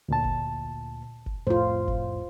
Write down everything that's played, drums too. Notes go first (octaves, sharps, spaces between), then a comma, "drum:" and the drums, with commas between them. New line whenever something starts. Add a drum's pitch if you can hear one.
D2 A#2 A5
drum: kick F#1
drum: kick F#1
C2 F2 A2 F4 C5
drum: kick F#1